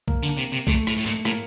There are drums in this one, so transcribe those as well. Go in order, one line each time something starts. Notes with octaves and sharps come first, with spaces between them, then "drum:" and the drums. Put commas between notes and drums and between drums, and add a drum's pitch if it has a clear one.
A#3, drum: kick B1
D3
C3
C3
A#2 A3, drum: kick B1
A2, drum: rim click
A2
A#2, drum: tom G#2
A2 A#3, drum: rim click